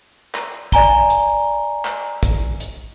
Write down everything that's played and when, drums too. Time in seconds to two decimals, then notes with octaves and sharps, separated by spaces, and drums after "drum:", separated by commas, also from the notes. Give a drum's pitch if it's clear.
0.35 drum: clap
0.72 D5 G#5 A#5 G7, drum: kick, hi-hat
1.10 drum: hi-hat
1.85 drum: clap
2.23 drum: kick, hi-hat
2.60 drum: hi-hat